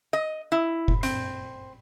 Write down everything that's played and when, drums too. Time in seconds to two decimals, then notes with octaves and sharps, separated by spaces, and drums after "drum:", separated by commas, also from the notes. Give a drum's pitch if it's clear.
0.13 D#5
0.52 E4
0.88 drum: kick F1
1.03 C4, drum: hi-hat